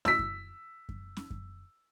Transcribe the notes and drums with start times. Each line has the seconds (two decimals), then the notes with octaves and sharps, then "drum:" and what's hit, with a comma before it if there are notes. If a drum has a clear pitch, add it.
0.05 E6 B6, drum: snare
0.19 drum: kick F#2
0.89 drum: kick F#2
1.17 drum: snare
1.30 drum: kick F#2